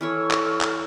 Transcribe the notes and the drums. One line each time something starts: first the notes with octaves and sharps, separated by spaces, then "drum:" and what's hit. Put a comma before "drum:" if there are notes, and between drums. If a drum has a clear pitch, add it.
E3 E4 A4 C#5 C#6 F6
drum: clap
drum: clap